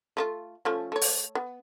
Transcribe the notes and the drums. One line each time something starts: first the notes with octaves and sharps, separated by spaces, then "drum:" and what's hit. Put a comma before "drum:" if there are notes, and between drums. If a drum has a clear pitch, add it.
A3 C4 F4
F3 A3 C#4
A3 C#5
drum: open hi-hat
B3